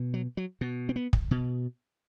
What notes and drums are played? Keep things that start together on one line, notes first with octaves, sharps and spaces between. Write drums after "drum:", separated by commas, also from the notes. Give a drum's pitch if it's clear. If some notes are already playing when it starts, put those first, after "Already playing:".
Already playing: B2
F#3
F#3
B2
C4
B3
drum: kick
B2